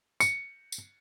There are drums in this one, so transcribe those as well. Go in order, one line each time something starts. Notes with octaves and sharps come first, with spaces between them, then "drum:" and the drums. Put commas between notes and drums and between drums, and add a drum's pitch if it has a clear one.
C#7, drum: tambourine
drum: tambourine